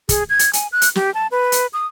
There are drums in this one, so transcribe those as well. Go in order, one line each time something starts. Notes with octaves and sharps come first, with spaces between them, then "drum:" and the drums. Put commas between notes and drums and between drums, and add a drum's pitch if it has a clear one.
G#4, drum: kick, hi-hat
G#6
drum: hi-hat
G#5, drum: hi-hat
F#6
drum: hi-hat
G4, drum: snare
A5
B4
drum: hi-hat
D#6